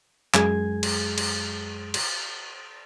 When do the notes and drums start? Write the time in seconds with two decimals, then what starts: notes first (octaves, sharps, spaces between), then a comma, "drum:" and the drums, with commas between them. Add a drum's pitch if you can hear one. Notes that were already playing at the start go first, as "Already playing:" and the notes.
0.34 F#2 G#3 G#4 G#6, drum: clap
0.83 drum: cymbal
1.18 drum: cymbal
1.94 drum: cymbal